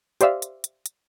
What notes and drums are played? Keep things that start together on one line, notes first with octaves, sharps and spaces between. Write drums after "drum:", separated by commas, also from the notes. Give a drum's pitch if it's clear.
G4 C5 D5 E5 F5, drum: hi-hat
drum: hi-hat
drum: hi-hat
drum: hi-hat